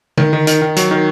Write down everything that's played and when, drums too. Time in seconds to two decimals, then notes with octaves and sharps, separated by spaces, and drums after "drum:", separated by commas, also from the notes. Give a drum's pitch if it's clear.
0.17 D#3, drum: tom D3
0.33 D#3
0.47 D#3, drum: hi-hat
0.62 D#3
0.77 F#3, drum: hi-hat
0.91 D#3